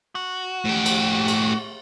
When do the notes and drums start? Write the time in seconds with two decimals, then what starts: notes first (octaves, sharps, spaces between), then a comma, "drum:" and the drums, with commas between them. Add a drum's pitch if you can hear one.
0.15 F#4
0.65 A2 G4
0.86 drum: cymbal
1.28 drum: cymbal